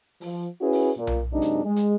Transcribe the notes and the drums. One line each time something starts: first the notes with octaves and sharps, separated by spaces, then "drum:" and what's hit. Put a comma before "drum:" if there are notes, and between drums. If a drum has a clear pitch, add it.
F3, drum: open hi-hat
C#4 E4 F#4 G#4 B4
drum: open hi-hat
A#2
drum: tom B1
F#2 C3 G#3 D4 D#4
drum: hi-hat
G#3
drum: hi-hat